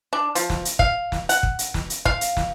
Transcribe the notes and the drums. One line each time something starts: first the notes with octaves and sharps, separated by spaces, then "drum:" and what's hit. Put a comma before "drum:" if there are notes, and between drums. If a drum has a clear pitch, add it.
D4
F3, drum: hi-hat
drum: snare
drum: hi-hat
F5, drum: kick
drum: snare
F#5, drum: hi-hat
drum: kick
drum: hi-hat
drum: snare
drum: hi-hat
F5, drum: kick
drum: hi-hat
drum: snare